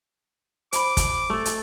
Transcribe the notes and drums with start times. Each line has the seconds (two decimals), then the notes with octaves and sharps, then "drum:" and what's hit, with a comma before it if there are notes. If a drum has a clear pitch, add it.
0.73 C5 B5 D6, drum: hi-hat
0.97 drum: kick, hi-hat
1.30 A3 A4
1.45 drum: hi-hat